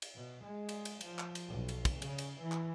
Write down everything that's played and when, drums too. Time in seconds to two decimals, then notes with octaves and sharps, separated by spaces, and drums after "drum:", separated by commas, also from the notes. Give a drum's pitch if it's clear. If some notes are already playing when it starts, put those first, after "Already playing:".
0.02 drum: cymbal
0.15 B2
0.44 G#3
0.69 drum: cymbal
0.85 drum: cymbal
1.01 F3, drum: cymbal
1.19 drum: clap
1.35 drum: cymbal
1.48 B1
1.69 drum: cymbal
1.85 drum: kick, cymbal
2.02 C#3, drum: cymbal
2.18 drum: cymbal
2.41 E3
2.52 drum: clap